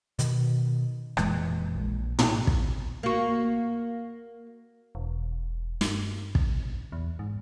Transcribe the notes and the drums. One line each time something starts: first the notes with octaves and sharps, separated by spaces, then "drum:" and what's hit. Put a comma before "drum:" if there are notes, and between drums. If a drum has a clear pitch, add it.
B2 D#3, drum: hi-hat
F1 A#2 E3 G#3, drum: rim click
A#1
drum: tom
drum: kick
A#3 F#4
E1
G2, drum: snare
drum: kick
E2
G#2